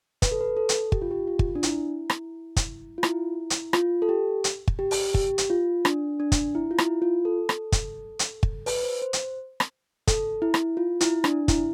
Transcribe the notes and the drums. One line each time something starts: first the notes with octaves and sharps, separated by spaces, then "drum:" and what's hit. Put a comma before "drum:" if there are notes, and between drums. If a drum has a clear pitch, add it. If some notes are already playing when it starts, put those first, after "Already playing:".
B4, drum: kick, hi-hat
A4
B4
A4
drum: hi-hat
G4, drum: kick
F4
G4
F4
drum: kick
D4
E4, drum: hi-hat
drum: rim click
drum: kick, hi-hat
F4
E4, drum: rim click
drum: hi-hat
F4, drum: rim click
A4
G4
drum: hi-hat
drum: kick
G4
drum: open hi-hat
G4, drum: kick
drum: hi-hat
F4
D4, drum: rim click
D4
drum: kick, hi-hat
E4
F4
E4, drum: rim click
F4
A4
drum: rim click
drum: kick, hi-hat
drum: hi-hat
drum: kick
B4, drum: open hi-hat
C5
C5
drum: hi-hat
drum: rim click
A4, drum: kick, hi-hat
E4
drum: rim click
F4
E4, drum: hi-hat
D4, drum: rim click
E4, drum: kick, hi-hat